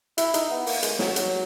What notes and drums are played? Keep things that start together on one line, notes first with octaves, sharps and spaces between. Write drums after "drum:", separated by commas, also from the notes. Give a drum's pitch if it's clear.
E4, drum: hi-hat
D#4, drum: hi-hat
B3
A#3, drum: open hi-hat
G#3, drum: hi-hat
F#3, drum: snare
F#3, drum: hi-hat